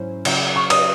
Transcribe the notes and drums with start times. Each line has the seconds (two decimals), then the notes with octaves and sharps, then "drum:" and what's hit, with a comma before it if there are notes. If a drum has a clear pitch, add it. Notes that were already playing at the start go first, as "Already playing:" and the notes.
Already playing: G#2 F#3 C#4 E4 C5
0.25 C#3 F#3 C#4 F#4, drum: cymbal
0.56 C#6
0.70 D#6, drum: cymbal